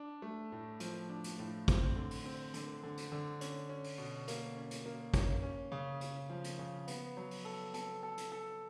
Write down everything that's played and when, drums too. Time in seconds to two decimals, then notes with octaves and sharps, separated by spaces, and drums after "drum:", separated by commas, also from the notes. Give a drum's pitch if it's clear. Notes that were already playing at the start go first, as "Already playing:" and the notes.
Already playing: D4
0.22 A3
0.52 A2
0.80 F3, drum: hi-hat
1.09 D4
1.24 drum: hi-hat
1.39 A2
1.68 C4, drum: kick, hi-hat
1.96 D3
2.11 drum: open hi-hat
2.25 C4
2.54 D3, drum: hi-hat
2.83 D3
2.97 drum: hi-hat
3.12 D3
3.41 C#4, drum: hi-hat
3.69 C#4
3.84 drum: open hi-hat
3.98 B2
4.28 A#3, drum: hi-hat
4.56 C#4
4.71 drum: hi-hat
4.86 A#3
5.14 C#4, drum: kick, hi-hat
5.42 C#4
5.72 C#3
6.01 C#4, drum: hi-hat
6.30 F3
6.44 drum: hi-hat
6.59 C#3
6.87 B3, drum: hi-hat
7.17 F#3
7.31 drum: open hi-hat
7.45 A4
7.74 A4, drum: hi-hat
8.03 A4
8.18 drum: hi-hat
8.32 A4